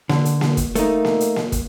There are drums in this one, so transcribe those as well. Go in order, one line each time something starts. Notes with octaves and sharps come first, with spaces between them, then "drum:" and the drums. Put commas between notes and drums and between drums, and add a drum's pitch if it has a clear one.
D3, drum: snare A#3
drum: hi-hat
drum: snare A#3
drum: kick, hi-hat
A3 A#3 D#4, drum: hi-hat
drum: snare A#3
drum: hi-hat
drum: snare A#3
drum: kick, hi-hat